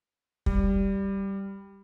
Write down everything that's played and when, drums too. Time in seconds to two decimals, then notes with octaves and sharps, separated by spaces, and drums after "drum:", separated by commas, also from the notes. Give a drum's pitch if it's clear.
0.46 G3, drum: kick